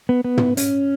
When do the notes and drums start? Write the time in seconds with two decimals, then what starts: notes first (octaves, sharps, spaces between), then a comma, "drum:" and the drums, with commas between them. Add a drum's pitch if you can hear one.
0.09 B3
0.24 B3
0.37 drum: tom
0.57 C#4, drum: hi-hat